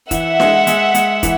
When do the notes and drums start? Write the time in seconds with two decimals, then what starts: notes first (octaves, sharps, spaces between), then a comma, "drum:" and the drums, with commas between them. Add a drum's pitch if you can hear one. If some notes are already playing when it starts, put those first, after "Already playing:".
0.11 E3 E5 F#5, drum: kick, hi-hat
0.40 G#3, drum: snare D4
0.67 G#3, drum: hi-hat
0.94 G#3, drum: hi-hat
1.23 E3, drum: kick, hi-hat